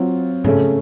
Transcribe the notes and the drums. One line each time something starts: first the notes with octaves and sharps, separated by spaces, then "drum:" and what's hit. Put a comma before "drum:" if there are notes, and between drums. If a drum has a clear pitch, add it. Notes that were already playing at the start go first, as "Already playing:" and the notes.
Already playing: F#3 C4 F4
C#3 A3 C#4, drum: tom G#2